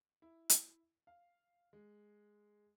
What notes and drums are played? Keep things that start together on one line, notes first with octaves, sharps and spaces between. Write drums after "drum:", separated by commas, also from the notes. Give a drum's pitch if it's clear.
E4
drum: hi-hat
F5
G#3